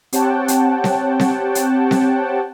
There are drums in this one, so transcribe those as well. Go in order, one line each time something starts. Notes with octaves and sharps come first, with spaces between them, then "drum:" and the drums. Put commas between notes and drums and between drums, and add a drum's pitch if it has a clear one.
C4 G4 C#5 F#5 G5 A5, drum: hi-hat
drum: hi-hat
drum: snare C4
drum: snare C4
drum: hi-hat
drum: snare C4